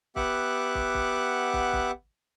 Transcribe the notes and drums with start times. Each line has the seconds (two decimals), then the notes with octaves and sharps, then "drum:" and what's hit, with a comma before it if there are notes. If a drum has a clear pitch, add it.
0.16 B3 G4 E5 F#5 D6 F#6, drum: kick
0.75 drum: kick
0.94 drum: kick
1.53 drum: kick
1.73 drum: kick